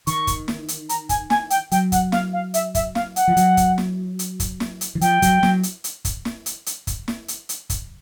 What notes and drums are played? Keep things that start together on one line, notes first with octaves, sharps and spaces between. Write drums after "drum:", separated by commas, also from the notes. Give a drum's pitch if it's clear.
D#3 C#6, drum: hi-hat
drum: kick, hi-hat
drum: snare
drum: hi-hat
A#5, drum: hi-hat
G#5, drum: kick, hi-hat
G#5, drum: snare
G5, drum: hi-hat
F#3 G5, drum: hi-hat
F#5, drum: kick, hi-hat
F5, drum: snare
F5
E5, drum: hi-hat
E5, drum: kick, hi-hat
F5, drum: snare
F#5, drum: hi-hat
F3
F#3, drum: hi-hat
drum: kick, hi-hat
drum: snare
drum: hi-hat
drum: kick, hi-hat
drum: snare
drum: hi-hat
E3
F3 G5, drum: hi-hat
F#3, drum: kick, hi-hat
F#3, drum: snare
drum: hi-hat
drum: hi-hat
drum: kick, hi-hat
drum: snare
drum: hi-hat
drum: hi-hat
drum: kick, hi-hat
drum: snare
drum: hi-hat
drum: hi-hat
drum: kick, hi-hat